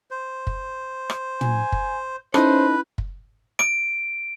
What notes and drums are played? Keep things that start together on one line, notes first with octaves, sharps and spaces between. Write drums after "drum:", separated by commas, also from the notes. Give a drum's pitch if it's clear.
C5
drum: kick
drum: rim click
G#5, drum: tom
drum: kick
C#4 D#4 E4 A4 B4 C5, drum: rim click
drum: kick
D7, drum: rim click